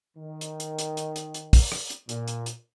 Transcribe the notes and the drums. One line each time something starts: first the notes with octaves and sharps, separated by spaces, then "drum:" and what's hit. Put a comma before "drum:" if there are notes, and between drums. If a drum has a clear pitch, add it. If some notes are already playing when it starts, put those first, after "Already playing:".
D#3
drum: hi-hat
drum: hi-hat
drum: hi-hat
drum: hi-hat
drum: hi-hat
drum: hi-hat
drum: kick, open hi-hat
drum: rim click
drum: hi-hat
A#2, drum: hi-hat
drum: hi-hat
drum: hi-hat